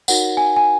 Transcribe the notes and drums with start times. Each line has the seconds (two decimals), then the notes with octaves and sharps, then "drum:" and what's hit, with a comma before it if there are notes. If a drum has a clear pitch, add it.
0.08 D#4 F#4 A#4 C#5 F#5, drum: tambourine
0.37 G#5
0.56 G#5